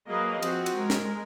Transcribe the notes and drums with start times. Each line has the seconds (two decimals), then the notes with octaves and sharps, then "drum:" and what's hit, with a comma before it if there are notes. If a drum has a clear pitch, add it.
0.10 F#3 A#3 G#4 B4 D#5 F5
0.42 F3 C4 F#4, drum: cymbal
0.66 drum: cymbal
0.77 G#3 A#4
0.90 drum: snare